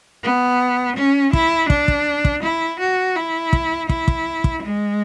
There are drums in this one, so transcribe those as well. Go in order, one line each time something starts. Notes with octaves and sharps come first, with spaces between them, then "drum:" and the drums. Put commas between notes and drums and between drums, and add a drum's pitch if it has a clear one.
B3
C#4
E4, drum: kick
D4, drum: kick
drum: kick
drum: kick
E4
F#4
E4
drum: kick
E4, drum: kick
drum: kick
drum: kick
G#3